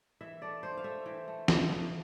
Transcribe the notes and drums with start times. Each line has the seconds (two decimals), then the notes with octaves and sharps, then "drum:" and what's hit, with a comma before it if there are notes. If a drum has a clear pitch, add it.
0.21 E3 E5
0.42 A3 D5
0.63 A3 C5
0.77 F5
0.84 A3 E5
1.06 E3 G5
1.28 A3
1.48 E3 F5, drum: snare
1.69 A3 F5